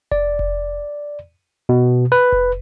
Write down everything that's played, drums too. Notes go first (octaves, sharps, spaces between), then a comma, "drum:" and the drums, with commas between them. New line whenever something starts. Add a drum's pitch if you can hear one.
D5, drum: kick F1
drum: kick F1
B2
B4
drum: kick F1